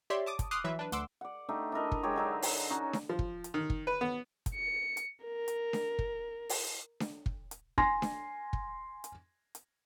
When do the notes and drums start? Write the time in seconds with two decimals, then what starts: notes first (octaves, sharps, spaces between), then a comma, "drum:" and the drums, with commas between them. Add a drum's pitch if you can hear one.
0.10 G4 C#5 D5 E5 C6
0.26 A5 D6 D#6
0.39 drum: kick, hi-hat
0.51 C6 D6 D#6 F6 F#6 C7
0.64 E3 F#3 B4 E5
0.79 D4 B4
0.92 D2 F#5 C6 D6 E6, drum: hi-hat
1.21 D5 F#5
1.49 A3 D4 D#4 G4
1.72 D4 E4 A#4 D#5
1.92 drum: kick
2.03 F#3 G#3 G4 C#5
2.16 D3 F#3 D#4
2.42 drum: open hi-hat
2.70 C#4 D#4 F#4
2.93 drum: snare D4
3.09 F3
3.19 drum: kick
3.44 drum: hi-hat
3.54 D#3
3.70 drum: kick
3.87 B4
4.01 B3
4.46 drum: kick, hi-hat
4.55 C#7
4.97 drum: hi-hat
5.25 A#4
5.48 drum: hi-hat
5.73 drum: snare D4
5.99 drum: kick
6.49 drum: open hi-hat
7.00 drum: snare D4
7.26 drum: kick
7.51 drum: hi-hat
7.78 G#5 C6 A#6, drum: kick
8.02 drum: snare D4
8.53 drum: kick
9.04 drum: hi-hat
9.55 drum: hi-hat